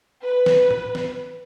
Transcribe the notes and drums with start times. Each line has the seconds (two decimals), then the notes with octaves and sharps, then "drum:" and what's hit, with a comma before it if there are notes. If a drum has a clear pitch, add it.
0.22 B4
0.46 drum: snare
0.71 drum: tom A2
0.95 drum: snare